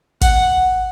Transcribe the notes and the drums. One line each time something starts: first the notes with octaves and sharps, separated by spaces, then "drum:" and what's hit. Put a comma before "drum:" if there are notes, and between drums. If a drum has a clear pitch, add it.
F#5, drum: kick, hi-hat